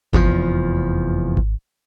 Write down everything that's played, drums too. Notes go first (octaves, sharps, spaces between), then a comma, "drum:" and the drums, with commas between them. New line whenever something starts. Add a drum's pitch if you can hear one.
F1 E2 A#2 F3, drum: kick G#1
drum: kick G#1